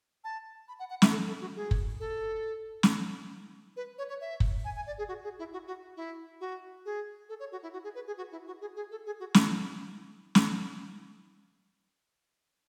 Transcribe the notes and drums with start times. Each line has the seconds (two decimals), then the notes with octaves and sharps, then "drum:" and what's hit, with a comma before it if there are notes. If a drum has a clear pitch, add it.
0.24 A5
0.68 B5
0.79 F#5
0.90 F#5
1.02 E5, drum: snare
1.12 A4
1.27 A4
1.41 F#4
1.56 G#4
1.71 drum: kick
2.00 A4
2.83 drum: snare
3.77 B4
3.98 C#5
4.09 C#5
4.21 E5
4.40 drum: kick
4.65 G#5
4.76 G#5
4.87 D5
4.98 G#4
5.09 F#4
5.24 G#4
5.39 E4
5.53 F#4
5.67 F#4
5.97 E4
6.41 F#4
6.85 G#4
7.29 A4
7.40 C#5
7.52 F#4
7.63 E4
7.73 F#4
7.84 G#4
7.95 B4
8.07 G#4
8.18 F#4
8.32 E4
8.47 F#4
8.61 G#4
8.76 G#4
8.91 A4
9.06 G#4
9.20 F#4
9.34 E4, drum: snare
10.35 drum: snare